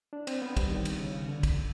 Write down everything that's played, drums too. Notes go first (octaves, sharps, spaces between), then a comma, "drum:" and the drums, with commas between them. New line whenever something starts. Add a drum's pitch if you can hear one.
D4
C4, drum: cymbal
B3
G3, drum: kick, cymbal
D#3
drum: cymbal
C#3
D3
drum: kick, cymbal